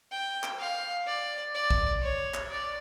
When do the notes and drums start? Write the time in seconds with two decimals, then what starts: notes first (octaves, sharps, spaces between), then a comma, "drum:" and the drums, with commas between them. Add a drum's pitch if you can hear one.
0.12 G5
0.43 drum: clap
0.59 F5
1.07 D5
1.55 D5
1.71 drum: kick
2.02 C#5
2.34 drum: clap
2.50 D5